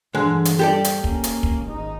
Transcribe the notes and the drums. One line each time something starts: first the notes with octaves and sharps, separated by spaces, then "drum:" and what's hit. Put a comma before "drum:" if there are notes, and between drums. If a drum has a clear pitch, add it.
G2 D3 E3 G#3
drum: hi-hat
G3 G4 A4 D5
drum: hi-hat
A#3 C#4, drum: kick
drum: hi-hat
drum: kick
G#1 D#4